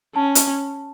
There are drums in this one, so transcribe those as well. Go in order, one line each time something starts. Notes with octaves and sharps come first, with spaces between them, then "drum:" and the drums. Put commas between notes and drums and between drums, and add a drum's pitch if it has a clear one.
C#4 A5
drum: hi-hat